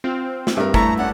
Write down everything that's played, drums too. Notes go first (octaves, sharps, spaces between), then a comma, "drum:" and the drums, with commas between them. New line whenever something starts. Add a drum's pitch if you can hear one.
C4 F4
drum: snare
G2 A#4 E5
A3 E4 A4 E5 A#5 C#6, drum: kick
C#4 D4 F#5